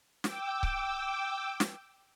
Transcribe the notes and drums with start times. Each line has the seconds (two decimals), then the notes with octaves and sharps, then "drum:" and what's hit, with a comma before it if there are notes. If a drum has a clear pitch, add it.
0.24 G5 D6 E6, drum: snare
0.63 drum: kick C#1
1.60 drum: snare